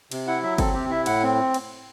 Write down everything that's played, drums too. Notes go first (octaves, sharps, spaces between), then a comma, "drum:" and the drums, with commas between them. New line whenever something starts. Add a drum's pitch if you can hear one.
C3, drum: cymbal
E4 F#5
F#3 E5
C4 A4, drum: kick, cymbal
C3 G4
E4 E5
A2 F#5, drum: cymbal
C4
drum: cymbal